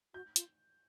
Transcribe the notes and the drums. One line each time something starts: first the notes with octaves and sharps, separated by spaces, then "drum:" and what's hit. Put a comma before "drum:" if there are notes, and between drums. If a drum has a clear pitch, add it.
F#4 G6
F4, drum: hi-hat